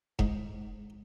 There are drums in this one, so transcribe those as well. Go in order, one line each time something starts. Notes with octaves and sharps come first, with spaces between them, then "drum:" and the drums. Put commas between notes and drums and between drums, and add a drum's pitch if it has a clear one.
G#2, drum: kick E1